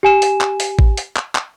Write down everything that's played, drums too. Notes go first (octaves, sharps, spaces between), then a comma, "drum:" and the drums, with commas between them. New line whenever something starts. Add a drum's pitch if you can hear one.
G4 G#5 E7
drum: open hi-hat
drum: clap
drum: open hi-hat
drum: kick A1
drum: open hi-hat
drum: clap
drum: clap